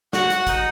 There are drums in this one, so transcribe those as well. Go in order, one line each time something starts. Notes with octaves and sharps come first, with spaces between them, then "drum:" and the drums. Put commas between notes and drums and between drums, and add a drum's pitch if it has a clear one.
F#4 F#5, drum: snare
F#4, drum: hi-hat
D#4, drum: kick, hi-hat